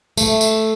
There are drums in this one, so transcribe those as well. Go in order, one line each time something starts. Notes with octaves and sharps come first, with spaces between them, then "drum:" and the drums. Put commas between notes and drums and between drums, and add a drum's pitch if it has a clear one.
A3, drum: tambourine
drum: tambourine